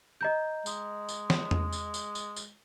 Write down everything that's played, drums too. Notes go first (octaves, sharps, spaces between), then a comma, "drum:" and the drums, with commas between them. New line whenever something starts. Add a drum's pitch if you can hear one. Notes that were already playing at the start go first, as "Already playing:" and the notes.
D#5 A#5 G6
G#3, drum: tambourine
drum: tambourine
drum: snare
drum: tom E2
drum: tambourine
drum: tambourine
drum: tambourine
drum: tambourine